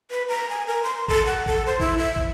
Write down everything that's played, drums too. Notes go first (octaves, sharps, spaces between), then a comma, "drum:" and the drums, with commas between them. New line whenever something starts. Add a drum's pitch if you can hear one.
B4
A#5
G#5
A#4
C6
A4, drum: kick
F#5
A4, drum: kick
C5
E4, drum: kick
E5
drum: kick